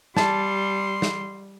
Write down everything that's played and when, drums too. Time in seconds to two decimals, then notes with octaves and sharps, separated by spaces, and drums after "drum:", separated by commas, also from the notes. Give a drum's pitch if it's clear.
0.17 G3 A5 C6, drum: snare
1.02 drum: snare